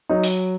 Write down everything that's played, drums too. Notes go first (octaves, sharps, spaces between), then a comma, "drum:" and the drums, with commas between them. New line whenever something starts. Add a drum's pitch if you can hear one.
F#3 D#4
drum: open hi-hat